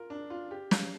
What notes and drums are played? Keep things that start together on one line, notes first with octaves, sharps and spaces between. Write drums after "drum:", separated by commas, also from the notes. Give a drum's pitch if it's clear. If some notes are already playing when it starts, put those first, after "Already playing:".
Already playing: F4 A#4
D4
F4
G4
F5, drum: snare